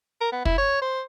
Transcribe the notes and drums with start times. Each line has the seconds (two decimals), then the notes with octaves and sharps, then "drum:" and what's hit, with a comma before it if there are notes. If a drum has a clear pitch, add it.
0.21 A#4
0.32 B3
0.45 E4, drum: kick
0.58 C#5
0.82 C5